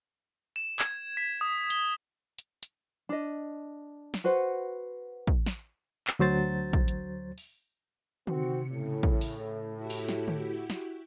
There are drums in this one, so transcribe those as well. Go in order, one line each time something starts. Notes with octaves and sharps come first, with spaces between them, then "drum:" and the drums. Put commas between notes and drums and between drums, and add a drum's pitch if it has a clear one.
E7
G#6, drum: clap
B6
D#6
G7, drum: hi-hat
drum: hi-hat
drum: hi-hat
D4 D#5
drum: snare
F#4 B4 C5 F#5
drum: kick
drum: snare
drum: clap
D2 F#3 C5 A6
drum: kick
drum: hi-hat
drum: open hi-hat
C3 D#3 C4 F#4 C#7, drum: tom D3
A2 C#3
drum: kick
drum: open hi-hat
E4 F#4 G4
drum: open hi-hat
drum: snare
drum: tom D3
drum: snare